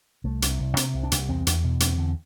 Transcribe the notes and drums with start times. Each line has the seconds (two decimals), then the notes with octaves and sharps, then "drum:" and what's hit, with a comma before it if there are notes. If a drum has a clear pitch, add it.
0.24 C2 A3
0.42 C2, drum: hi-hat
0.59 C2
0.77 C3 C4, drum: hi-hat
0.94 C2
1.03 D4
1.12 C2, drum: hi-hat
1.28 E2 C4
1.47 E2, drum: hi-hat
1.64 B2
1.80 E2 C4, drum: hi-hat
1.98 D3